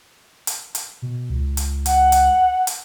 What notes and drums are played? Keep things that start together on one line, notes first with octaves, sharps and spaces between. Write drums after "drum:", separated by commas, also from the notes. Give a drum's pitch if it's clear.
drum: hi-hat
drum: hi-hat
B2
C#2
drum: hi-hat
F#5, drum: hi-hat
drum: hi-hat
drum: hi-hat